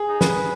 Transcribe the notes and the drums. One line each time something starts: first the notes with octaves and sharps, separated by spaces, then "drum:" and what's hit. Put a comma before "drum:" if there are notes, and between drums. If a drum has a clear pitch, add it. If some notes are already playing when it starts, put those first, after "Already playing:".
Already playing: G#4
D#4
B4, drum: snare